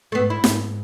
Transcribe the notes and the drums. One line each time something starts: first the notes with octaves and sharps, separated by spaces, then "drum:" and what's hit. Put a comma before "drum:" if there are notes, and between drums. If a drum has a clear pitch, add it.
A3
G#2 B3
E4
G#2, drum: snare